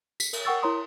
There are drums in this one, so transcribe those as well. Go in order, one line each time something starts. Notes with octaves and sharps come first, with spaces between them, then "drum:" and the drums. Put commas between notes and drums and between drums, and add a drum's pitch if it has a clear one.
B6, drum: tambourine
A#4, drum: cymbal
A#4 F#5 G5 C#6 E6 A6
E4 A#4 C#5 A#5 C6 D#6